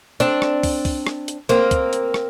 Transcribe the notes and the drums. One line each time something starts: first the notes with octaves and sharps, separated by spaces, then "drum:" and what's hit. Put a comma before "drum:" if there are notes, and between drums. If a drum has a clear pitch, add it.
C4 D4, drum: hi-hat
drum: rim click
drum: kick, open hi-hat
drum: kick, open hi-hat
drum: rim click
drum: hi-hat
A#3 C4, drum: hi-hat
drum: kick, hi-hat
drum: hi-hat
drum: rim click